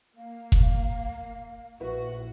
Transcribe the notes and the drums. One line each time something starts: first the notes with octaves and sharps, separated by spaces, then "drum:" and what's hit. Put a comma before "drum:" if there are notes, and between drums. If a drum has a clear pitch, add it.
A#3 F5
drum: kick F#1
A#1 E4 F#4 B4